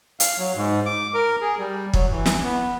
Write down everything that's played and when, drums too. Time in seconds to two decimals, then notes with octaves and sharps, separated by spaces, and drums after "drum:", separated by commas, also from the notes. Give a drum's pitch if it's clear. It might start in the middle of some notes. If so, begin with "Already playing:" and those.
0.20 F5, drum: hi-hat
0.38 F#3
0.56 G#2
0.86 D6
1.14 A#4
1.41 G#4
1.59 G3
1.93 F#3, drum: kick
2.11 E3
2.26 drum: snare
2.44 B3